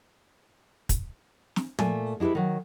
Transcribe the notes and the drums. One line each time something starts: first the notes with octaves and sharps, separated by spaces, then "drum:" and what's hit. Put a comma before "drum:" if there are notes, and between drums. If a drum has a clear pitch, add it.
drum: kick, hi-hat
drum: snare
A#2 A3 G#5, drum: tom
G#3 E4 G4 A4 B4
D#3 F#3